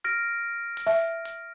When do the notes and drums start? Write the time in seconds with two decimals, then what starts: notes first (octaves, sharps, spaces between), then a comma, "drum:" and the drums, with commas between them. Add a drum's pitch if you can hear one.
0.04 F6 A#6 D7
0.77 drum: hi-hat
0.87 E5
1.25 drum: hi-hat